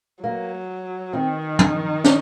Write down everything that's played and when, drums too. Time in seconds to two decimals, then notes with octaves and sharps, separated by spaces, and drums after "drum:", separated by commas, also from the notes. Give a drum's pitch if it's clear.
0.23 F#3 A#3
1.13 D#3 C4
1.59 C#4, drum: tom
2.04 C#4, drum: snare